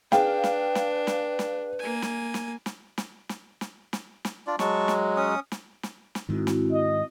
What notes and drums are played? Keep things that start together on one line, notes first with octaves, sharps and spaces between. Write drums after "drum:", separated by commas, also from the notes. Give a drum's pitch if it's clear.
D4 G#4 B4 F5 G5, drum: snare
drum: snare
drum: snare
drum: snare
drum: snare
A#3 G#5
drum: snare
drum: snare
drum: snare
drum: snare
drum: snare
drum: snare
drum: snare
drum: snare
D4 F4 D5
F#3 G#3 A5 C#6, drum: snare
drum: snare
C#4 D#6
drum: snare
drum: snare
drum: snare
G#2 D#3 C4 E4 F#4
drum: snare
D#5